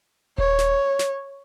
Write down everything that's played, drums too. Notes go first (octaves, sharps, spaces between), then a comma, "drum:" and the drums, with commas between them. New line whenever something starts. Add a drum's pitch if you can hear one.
C#5, drum: kick D#1
drum: snare
drum: snare